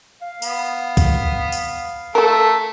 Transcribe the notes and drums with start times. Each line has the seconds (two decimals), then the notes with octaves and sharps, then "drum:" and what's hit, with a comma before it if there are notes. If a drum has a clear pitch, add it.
0.22 F5
0.42 B3, drum: tambourine
0.97 drum: kick, tambourine
1.52 drum: tambourine
2.15 A3 A4 A#4